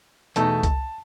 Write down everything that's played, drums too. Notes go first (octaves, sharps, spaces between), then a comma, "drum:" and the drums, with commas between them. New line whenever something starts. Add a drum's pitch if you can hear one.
E2 B2 A3 D#4 A5, drum: hi-hat
drum: kick C2, hi-hat